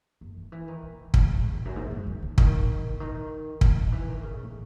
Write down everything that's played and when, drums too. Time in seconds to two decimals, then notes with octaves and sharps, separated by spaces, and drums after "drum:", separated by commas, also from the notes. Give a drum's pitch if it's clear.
0.21 F#2
0.37 D#3
0.52 E3
0.68 D#3
0.83 B2
1.14 G#2, drum: kick
1.35 F#2
1.45 E2
1.55 E2
1.65 F#2
1.76 G#2
1.91 F#2
2.07 C#3
2.22 C#3
2.38 D#3, drum: kick
2.89 C#3
3.00 D#3
3.61 D#3, drum: kick
3.92 E3
4.08 D#3
4.23 C#3
4.33 A2
4.43 A2